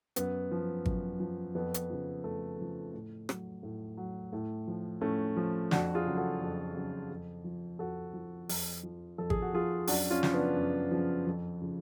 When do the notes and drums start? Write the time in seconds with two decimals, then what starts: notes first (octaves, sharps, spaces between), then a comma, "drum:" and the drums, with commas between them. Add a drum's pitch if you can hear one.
0.16 F#2 B3, drum: hi-hat
0.51 F3
0.86 F#2, drum: kick G#1
1.20 F3
1.55 F2 B3
1.74 drum: hi-hat
1.90 C#3 F3
2.24 F2 A3
2.59 C#3 F3
2.94 A2
3.29 F#3, drum: rim click
3.63 A2
3.97 F#3
4.33 A2
4.67 F3
5.01 A2 A3 C#4
5.36 F3
5.71 F2 D4 F#4, drum: snare
5.95 F4 G#4
6.06 C#3 F#3
6.17 F#4 A4
6.41 F2
6.76 C#3 F#3
7.11 F2
7.44 F3
7.79 F2 F#4 A4
8.13 F3
8.49 F2, drum: open hi-hat
8.83 F3
9.18 F2 A4
9.30 G#4, drum: kick G#1
9.42 F#4
9.53 F3 F4 G#4
9.87 F#2 D4 F#4, drum: open hi-hat
10.10 C#4 F4
10.23 C#3 F3, drum: snare
10.33 B3 D4
10.57 F#2
10.91 C#3 F3
11.27 F2
11.62 C#3 F3